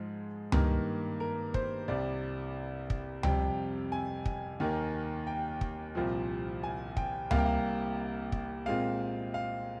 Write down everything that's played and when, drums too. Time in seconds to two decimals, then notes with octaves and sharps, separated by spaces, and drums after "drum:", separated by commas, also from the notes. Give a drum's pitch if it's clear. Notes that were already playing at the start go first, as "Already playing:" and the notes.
Already playing: G#2 F3 G#3
0.52 G2 D#3 A#3, drum: tom C#2
1.20 A#4
1.54 C5, drum: kick
1.88 C2 C3 G3 D5
2.90 drum: kick
3.23 F2 C3 G3 G5, drum: tom C#2
3.92 G#5
4.26 drum: kick
4.60 D#2 D#3 A#3
5.27 G5
5.61 drum: kick
5.95 C2 A#2 F3 C4
6.63 G#5
6.97 G5, drum: kick
7.31 C2 C3 G3 A#3 F5, drum: tom C#2
7.39 G5
7.46 F5
8.32 drum: kick
8.66 A#2 G#3 C4 F5
9.34 F5